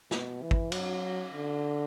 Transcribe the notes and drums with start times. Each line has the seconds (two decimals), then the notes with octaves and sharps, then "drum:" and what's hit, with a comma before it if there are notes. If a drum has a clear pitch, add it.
0.11 B2, drum: snare
0.42 E3
0.51 drum: kick
0.72 F#3, drum: cymbal
1.32 D3